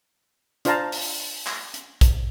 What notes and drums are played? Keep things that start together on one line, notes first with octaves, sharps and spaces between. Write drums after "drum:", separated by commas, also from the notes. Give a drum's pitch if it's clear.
D4 F4 C5 F5 A5 A#5, drum: hi-hat
drum: open hi-hat
drum: clap
drum: hi-hat
drum: kick A#1, hi-hat